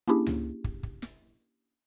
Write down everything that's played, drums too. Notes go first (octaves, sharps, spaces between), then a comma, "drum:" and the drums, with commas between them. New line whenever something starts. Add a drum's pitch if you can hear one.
A#3 C#4 D4 E4 G4 G#4
drum: tom C#2
drum: kick
drum: kick
drum: snare